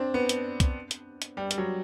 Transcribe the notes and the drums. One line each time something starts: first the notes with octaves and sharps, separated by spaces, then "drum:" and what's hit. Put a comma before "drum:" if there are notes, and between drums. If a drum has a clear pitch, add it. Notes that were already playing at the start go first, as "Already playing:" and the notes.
Already playing: C4 D4
B3
drum: hi-hat
drum: kick C2, hi-hat
drum: hi-hat
drum: hi-hat
G3
G3, drum: hi-hat
F#3